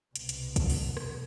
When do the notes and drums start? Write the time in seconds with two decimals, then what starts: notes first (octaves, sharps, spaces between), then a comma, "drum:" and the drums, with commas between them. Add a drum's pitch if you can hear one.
0.16 C2 B2, drum: hi-hat
0.29 drum: hi-hat
0.56 drum: kick, hi-hat
0.70 drum: open hi-hat
0.97 drum: rim click